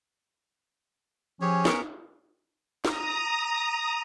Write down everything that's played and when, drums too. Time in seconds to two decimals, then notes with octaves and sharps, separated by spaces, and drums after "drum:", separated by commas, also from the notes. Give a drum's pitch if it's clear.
1.41 F3 C#4 G4 G#4 C#5
1.65 B3 A#4, drum: snare
2.85 A#5 D#6, drum: snare